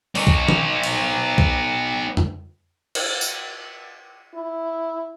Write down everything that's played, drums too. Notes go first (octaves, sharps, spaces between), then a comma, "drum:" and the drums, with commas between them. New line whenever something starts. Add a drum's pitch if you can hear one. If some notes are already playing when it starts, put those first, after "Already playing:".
B3 C#5, drum: open hi-hat
drum: kick B1
drum: tom D#3
drum: cymbal
drum: kick B1
drum: tom F2
drum: cymbal
drum: tambourine
E4